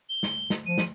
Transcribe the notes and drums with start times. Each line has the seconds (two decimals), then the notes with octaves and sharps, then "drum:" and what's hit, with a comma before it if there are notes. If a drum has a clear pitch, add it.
0.09 G7
0.23 drum: snare
0.50 drum: snare
0.66 F3 D#7
0.78 drum: snare